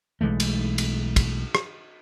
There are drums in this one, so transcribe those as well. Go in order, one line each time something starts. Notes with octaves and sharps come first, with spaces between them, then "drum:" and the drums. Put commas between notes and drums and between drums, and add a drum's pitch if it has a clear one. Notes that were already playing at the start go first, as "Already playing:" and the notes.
B1 E3 G#3 A3
drum: cymbal
drum: cymbal
drum: kick, cymbal
drum: rim click